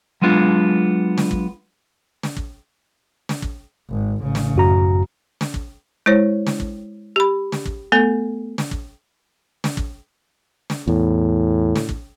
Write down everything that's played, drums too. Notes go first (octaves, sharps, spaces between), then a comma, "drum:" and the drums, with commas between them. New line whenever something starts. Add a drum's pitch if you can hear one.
F#3 G#3 B3 D4 F4
drum: snare
drum: kick
drum: snare
drum: kick
drum: snare
drum: kick
G#1
A1 C#3
drum: snare
F#2 F#4 A#5
drum: snare
drum: kick
G#3 E4 C5 C#5
drum: snare
drum: kick
G4 B5
drum: snare
drum: kick
A3 B3 A4
drum: snare
drum: kick
drum: snare
drum: kick
drum: snare
E2 A2
drum: snare
drum: kick